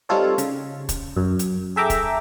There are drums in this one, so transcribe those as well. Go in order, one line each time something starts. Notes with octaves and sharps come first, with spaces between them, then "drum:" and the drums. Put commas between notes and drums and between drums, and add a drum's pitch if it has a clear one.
G3 C4 D#4 F4 A4 C#5
C#3, drum: hi-hat
drum: kick, hi-hat
F#2
drum: hi-hat
G#4 A4 E5 G5 A#5 D6
drum: kick, hi-hat